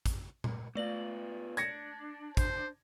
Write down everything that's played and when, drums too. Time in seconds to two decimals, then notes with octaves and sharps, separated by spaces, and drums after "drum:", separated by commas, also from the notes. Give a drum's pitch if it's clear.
0.06 drum: kick, hi-hat
0.44 drum: tom A#2
0.75 A3 B3 F4 D5 F#7
1.57 D4 G#6 A#6 C#7, drum: hi-hat
2.37 C5, drum: kick, hi-hat